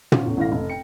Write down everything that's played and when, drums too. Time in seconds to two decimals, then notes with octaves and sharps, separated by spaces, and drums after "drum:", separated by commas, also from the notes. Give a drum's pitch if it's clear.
0.12 C#4 F4, drum: tom
0.25 E2 A2 C#4
0.37 A1 A2 E3 F5 A#6
0.52 F1
0.70 G5 C#7